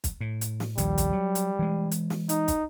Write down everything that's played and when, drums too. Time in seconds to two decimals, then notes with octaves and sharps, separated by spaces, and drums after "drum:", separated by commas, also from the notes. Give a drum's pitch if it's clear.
0.04 drum: kick, hi-hat
0.21 A2
0.41 drum: hi-hat
0.60 drum: snare
0.78 A#1 D#2 A#2 G3, drum: hi-hat
0.98 drum: kick, hi-hat
1.13 F#3
1.35 drum: hi-hat
1.59 E3 G#3
1.91 drum: hi-hat
2.10 drum: snare
2.29 D#4, drum: hi-hat
2.48 drum: kick, hi-hat